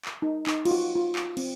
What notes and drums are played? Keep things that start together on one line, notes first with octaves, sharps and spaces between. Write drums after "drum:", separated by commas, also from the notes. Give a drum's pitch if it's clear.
drum: clap
D#4
D#4, drum: clap
F4, drum: cymbal
F#4
F4
drum: clap
C4, drum: cymbal